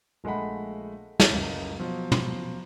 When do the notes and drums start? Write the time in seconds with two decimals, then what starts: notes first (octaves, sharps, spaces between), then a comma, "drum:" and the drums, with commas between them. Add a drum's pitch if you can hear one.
0.24 A#1 G#3 A3 D#5 F#5 B5
1.20 drum: snare
1.29 F#1 C#2
1.79 B2 F3 F#3
2.12 drum: tom